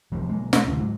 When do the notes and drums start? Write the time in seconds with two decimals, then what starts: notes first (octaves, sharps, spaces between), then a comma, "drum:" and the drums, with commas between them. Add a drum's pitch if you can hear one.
0.11 E1 F3 G3
0.29 B1 G#3 A#3
0.53 B2 A3, drum: snare
0.67 A1 D2 C3 D#3
0.79 G#2 F#3